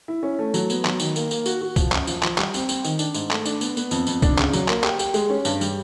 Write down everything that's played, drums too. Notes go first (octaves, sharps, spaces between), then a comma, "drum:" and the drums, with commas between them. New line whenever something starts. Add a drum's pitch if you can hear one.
E4
C#4
A3
F#3, drum: tambourine
B3, drum: tambourine
F#3, drum: clap
D#3, drum: tambourine
A#3, drum: tambourine
A#3, drum: tambourine
F#4, drum: tambourine
F#4
F3, drum: kick, tambourine
F#2, drum: clap
F3, drum: tambourine
F3, drum: clap
G3, drum: clap
C4, drum: tambourine
C4, drum: tambourine
D#3, drum: tambourine
D4, drum: tambourine
G#2, drum: tambourine
A3, drum: clap
D4, drum: tambourine
B3, drum: tambourine
B3, drum: tambourine
F2, drum: tambourine
F2, drum: tambourine
D4, drum: kick, tambourine
C#3, drum: clap
F#3, drum: tambourine
A#3, drum: clap
G4, drum: clap
G4, drum: tambourine
G#3, drum: tambourine
C#4
G2, drum: tambourine
G3, drum: tambourine